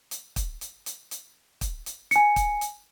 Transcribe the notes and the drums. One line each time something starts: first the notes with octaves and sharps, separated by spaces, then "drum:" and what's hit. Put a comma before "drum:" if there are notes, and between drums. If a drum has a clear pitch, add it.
drum: hi-hat
drum: kick, hi-hat
drum: hi-hat
drum: hi-hat
drum: hi-hat
drum: kick, hi-hat
drum: hi-hat
G#5 C#7, drum: hi-hat
drum: kick, hi-hat
drum: hi-hat